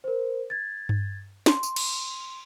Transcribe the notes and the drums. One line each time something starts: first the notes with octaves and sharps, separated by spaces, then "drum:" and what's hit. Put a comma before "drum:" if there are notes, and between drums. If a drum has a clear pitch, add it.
A#4 C5
G#6 A6
drum: tom G2
C6, drum: snare
drum: tambourine
drum: cymbal